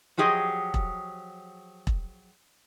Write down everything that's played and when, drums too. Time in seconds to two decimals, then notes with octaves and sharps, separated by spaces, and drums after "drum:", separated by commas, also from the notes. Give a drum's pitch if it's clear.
0.17 F3 F#3 G4 G#4 D#5
0.74 drum: kick E1
1.87 drum: kick E1